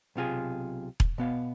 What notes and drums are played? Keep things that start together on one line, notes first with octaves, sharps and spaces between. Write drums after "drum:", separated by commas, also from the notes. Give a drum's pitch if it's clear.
B1 C3 F4 G#4
drum: kick E1
B2 B3 F5